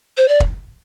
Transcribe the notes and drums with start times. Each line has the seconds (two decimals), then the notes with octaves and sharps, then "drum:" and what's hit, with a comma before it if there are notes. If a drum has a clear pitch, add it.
0.18 C5
0.29 D5
0.40 drum: kick